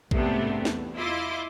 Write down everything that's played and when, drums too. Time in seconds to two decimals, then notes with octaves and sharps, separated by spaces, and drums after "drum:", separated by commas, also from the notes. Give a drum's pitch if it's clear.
0.11 G#2 C3 G3 A3 B3 D4, drum: kick A#1
0.65 E2, drum: snare
0.95 E4 F4 D#5 C6 D6